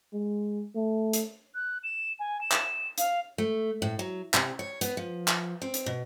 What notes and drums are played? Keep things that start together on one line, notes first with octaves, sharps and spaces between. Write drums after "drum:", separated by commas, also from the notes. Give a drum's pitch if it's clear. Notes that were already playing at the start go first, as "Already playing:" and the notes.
G#3
A3
drum: hi-hat
F#6
E7
G#5
E7
drum: clap
F5, drum: hi-hat
A3
A2
F#3
C3, drum: clap
C#5
B3, drum: hi-hat
F3
drum: clap
C4
drum: hi-hat
B2